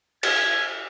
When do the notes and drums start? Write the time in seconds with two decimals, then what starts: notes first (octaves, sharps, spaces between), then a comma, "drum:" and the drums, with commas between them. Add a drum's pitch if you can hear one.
0.23 G#6, drum: cymbal